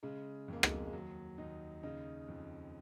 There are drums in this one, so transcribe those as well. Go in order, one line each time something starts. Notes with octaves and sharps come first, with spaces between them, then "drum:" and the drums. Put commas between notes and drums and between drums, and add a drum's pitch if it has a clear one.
C#3 G#3
F2 A#3
G#3, drum: rim click
G#3
D#2 F#3
D#2 D#4
C#3 D#4
F2